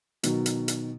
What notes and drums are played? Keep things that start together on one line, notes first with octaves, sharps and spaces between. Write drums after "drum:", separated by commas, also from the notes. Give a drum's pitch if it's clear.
B2 D#3 F#3, drum: hi-hat
drum: hi-hat
drum: hi-hat